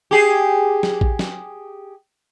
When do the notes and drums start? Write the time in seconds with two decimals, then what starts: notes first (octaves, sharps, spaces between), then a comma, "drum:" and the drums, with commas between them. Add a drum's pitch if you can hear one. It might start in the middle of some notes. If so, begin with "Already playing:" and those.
0.11 G4 G#4
0.83 drum: snare
1.01 drum: kick A1
1.19 drum: snare